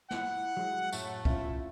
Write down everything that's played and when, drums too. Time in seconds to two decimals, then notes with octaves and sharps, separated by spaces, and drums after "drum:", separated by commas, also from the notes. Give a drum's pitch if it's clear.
0.11 E4 F#5, drum: snare
0.57 F#3 G#3
0.93 F#2 A2 A3 F#5, drum: tambourine
1.25 C#4 E4 F4 E5, drum: kick